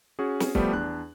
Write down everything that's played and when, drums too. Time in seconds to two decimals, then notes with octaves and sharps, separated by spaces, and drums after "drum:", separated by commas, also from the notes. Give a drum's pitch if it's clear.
0.19 C#4 F#4 G#4
0.40 drum: snare
0.55 F3 G3 A3 B3 G4, drum: kick C#1
0.73 E2 D4 F#6